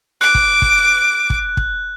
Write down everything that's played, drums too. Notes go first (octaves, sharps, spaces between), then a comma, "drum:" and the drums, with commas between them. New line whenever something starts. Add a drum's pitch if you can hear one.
D6 F#6
drum: kick
drum: kick
drum: kick
drum: kick